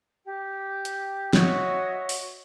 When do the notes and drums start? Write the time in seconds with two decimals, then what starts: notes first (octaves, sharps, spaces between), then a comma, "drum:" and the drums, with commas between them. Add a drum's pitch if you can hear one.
0.24 G4
0.85 drum: hi-hat
1.33 F#4 C#5 D#5 E5, drum: snare
2.09 drum: open hi-hat